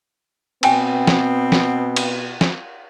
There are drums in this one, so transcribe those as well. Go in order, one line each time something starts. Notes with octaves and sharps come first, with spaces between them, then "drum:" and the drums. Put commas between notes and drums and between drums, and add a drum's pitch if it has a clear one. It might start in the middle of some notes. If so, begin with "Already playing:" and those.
B2 B3 C4 G5 G#5 C#6, drum: cymbal
drum: snare
drum: snare
drum: cymbal
drum: snare